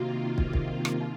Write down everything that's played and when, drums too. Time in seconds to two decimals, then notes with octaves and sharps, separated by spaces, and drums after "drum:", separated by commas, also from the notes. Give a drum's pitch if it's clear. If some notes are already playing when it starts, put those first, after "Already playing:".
Already playing: C3 D#3 A#3 F4 F#4
0.38 drum: kick
0.53 drum: kick
0.85 drum: rim click
1.01 D#4